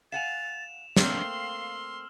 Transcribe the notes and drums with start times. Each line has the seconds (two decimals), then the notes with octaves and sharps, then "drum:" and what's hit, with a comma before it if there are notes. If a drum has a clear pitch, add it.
0.12 F5 F#5 G#5 A6 E7 F7
0.96 A3 A#3 C4 F5 C6 E6 F6, drum: snare